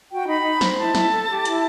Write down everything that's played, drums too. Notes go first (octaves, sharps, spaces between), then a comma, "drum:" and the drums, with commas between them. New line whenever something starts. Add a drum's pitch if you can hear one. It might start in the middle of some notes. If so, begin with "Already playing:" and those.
F#4 G5
D#4 B5
D#4
C5, drum: snare
E4 A5
E4, drum: snare
A4
G4
E4, drum: hi-hat